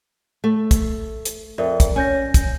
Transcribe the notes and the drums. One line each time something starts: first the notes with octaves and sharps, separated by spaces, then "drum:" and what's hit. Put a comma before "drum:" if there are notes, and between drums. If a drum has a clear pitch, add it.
A3
drum: kick, hi-hat
drum: hi-hat
F2 A#4 D5 E5
drum: kick, hi-hat
C#4 G#5 G6 A#6
drum: kick, hi-hat